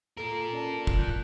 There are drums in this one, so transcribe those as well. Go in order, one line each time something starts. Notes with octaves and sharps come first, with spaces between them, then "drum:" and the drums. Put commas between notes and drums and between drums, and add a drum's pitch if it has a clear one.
F4 A4 A#4 A#5
C#4 D5 A5
drum: kick
F#6 G6